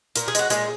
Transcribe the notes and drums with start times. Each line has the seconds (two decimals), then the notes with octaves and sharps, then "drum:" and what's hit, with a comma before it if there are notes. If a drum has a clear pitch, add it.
0.16 A#2 A#4, drum: hi-hat
0.28 G#4
0.35 G#3 F#4, drum: hi-hat
0.50 A#2 G#3 G#4, drum: hi-hat